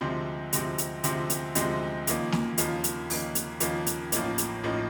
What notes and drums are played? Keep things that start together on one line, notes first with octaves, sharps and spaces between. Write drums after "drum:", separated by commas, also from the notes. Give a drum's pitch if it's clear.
D2 C3 F3 G#3 C4
D2 C3 F3 G#3 C4, drum: hi-hat
drum: hi-hat
D2 C3 F3 G#3 C4, drum: hi-hat
drum: hi-hat
D2 C3 F3 G#3 C4, drum: hi-hat
D#2 C#3 F3 A#3 D#4, drum: hi-hat
drum: snare
D#2 C#3 F3 A#3 D#4, drum: hi-hat
drum: hi-hat
D#2 C#3 F3 A#3 D#4, drum: open hi-hat
drum: hi-hat
D#2 C#3 F3 A#3 D#4, drum: hi-hat
drum: hi-hat
A1 A2 F3 A#3 D#4, drum: hi-hat
drum: hi-hat
A1 A2 F3 A#3 D#4